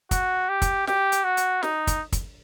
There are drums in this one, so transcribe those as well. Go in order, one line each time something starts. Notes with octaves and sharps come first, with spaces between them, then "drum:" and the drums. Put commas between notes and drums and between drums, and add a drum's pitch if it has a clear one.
F#4, drum: kick, hi-hat
G4
drum: kick, hi-hat
G4, drum: snare
drum: hi-hat
F#4
drum: hi-hat
D#4, drum: snare
drum: kick, hi-hat
drum: kick, hi-hat